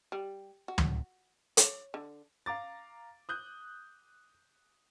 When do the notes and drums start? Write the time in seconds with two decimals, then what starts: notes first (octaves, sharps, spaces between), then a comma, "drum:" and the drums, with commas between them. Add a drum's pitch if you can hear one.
0.12 G3
0.68 F#4
0.78 drum: tom
1.57 C#5, drum: hi-hat
1.94 D3
2.46 F5 A#5 D6 A6
3.29 D#6 F#6 G6